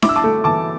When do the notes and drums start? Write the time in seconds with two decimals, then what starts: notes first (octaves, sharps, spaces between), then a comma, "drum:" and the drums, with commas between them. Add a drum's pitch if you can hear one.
0.02 E4 D6, drum: snare D4
0.09 E6
0.16 A5 D6
0.24 A3
0.44 E3 A5 D6